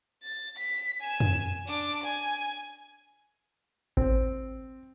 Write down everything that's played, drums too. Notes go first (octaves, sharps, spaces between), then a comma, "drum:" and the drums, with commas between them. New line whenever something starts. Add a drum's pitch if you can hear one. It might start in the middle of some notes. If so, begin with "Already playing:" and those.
A6
B6
G#5 E7
drum: tom F2
D4 D6, drum: cymbal
G#5
C4, drum: kick G#1